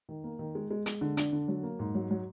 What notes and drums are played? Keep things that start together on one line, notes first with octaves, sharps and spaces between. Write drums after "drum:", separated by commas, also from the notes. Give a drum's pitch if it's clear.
D#3
A#3
D#3
G#3
G#3
G#3, drum: hi-hat
D3
D4, drum: hi-hat
D3
F#3
A#3
G#2
F#3
F#3